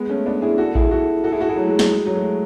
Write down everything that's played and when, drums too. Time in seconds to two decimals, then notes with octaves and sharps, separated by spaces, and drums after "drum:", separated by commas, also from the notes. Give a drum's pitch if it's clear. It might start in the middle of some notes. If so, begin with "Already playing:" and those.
Already playing: G#3 B3
0.10 A3 C#4
0.26 B3 D4
0.42 E4 G#4
0.58 F#4 A4
0.75 E4 G#4, drum: kick A1
0.91 F#4 A4
1.24 F#4 A4
1.32 E4 G#4
1.40 F#4 A4
1.49 E4 G#4
1.56 F#3 A3
1.67 G#3
1.79 G#3, drum: snare
1.89 G#3
2.06 F#3
2.16 A3
2.21 G#3